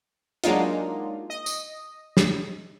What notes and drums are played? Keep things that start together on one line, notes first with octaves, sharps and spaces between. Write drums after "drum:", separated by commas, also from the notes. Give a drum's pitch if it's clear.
F#3 G#3 A#3 D4 D#4 F4, drum: hi-hat
D#5
drum: tambourine
drum: snare